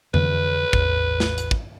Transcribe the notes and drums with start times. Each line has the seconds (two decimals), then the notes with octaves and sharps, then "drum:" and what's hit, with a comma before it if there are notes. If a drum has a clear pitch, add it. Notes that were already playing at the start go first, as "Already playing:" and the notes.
0.14 F2 D3 E3 B4, drum: tom
0.73 A1 E2, drum: kick
1.20 drum: snare
1.38 drum: hi-hat
1.51 drum: kick